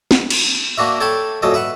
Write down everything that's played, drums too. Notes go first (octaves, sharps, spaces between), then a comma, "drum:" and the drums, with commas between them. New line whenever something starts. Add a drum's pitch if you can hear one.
drum: snare
drum: cymbal
A#3 D4 F#4 E5
A4 C#5 G5 A5 B5
F#2 A#2 F#3 A4 D#5
B4 E5 F#5